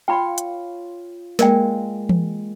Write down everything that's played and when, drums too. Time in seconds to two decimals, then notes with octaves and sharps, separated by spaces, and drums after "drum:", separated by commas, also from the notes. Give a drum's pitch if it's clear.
0.08 F4 C#5 G5 B5 C6
0.38 drum: hi-hat
1.39 G#3 A#3 A#4 D5 G5, drum: snare
2.09 drum: tom E3